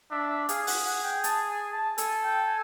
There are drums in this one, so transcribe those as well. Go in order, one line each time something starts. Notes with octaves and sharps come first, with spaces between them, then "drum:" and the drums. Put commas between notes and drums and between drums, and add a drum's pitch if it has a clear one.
D4 E5
E5
G#4 F5, drum: hi-hat
F#5, drum: open hi-hat
F#5
G5
A5, drum: hi-hat
G#5
A5
A4 G#5, drum: hi-hat
G5
G#5